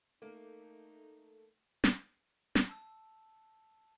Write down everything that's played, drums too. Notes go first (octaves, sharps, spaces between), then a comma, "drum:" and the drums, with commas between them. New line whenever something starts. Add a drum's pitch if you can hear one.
A3 A#3 D#4
drum: snare
drum: snare
A5 E6